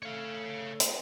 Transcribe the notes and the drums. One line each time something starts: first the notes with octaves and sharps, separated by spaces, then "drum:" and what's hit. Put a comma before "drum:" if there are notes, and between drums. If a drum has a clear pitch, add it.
A3 C#5 F5
drum: hi-hat